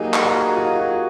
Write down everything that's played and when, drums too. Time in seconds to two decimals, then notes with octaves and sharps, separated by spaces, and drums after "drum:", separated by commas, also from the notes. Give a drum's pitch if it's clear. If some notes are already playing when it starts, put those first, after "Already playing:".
Already playing: F#3 A#3 D#4 G4 G#4
0.13 drum: clap
0.24 F#4
0.57 F4
0.79 F#4